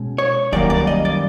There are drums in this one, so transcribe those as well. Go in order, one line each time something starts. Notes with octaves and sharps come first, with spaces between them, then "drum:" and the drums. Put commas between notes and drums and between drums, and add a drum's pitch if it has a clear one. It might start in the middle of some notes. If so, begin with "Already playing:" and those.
Already playing: B2 G#3 C#4
C#5
F#2 D#3 G3 A#3 D5, drum: kick
D5
D#5
D5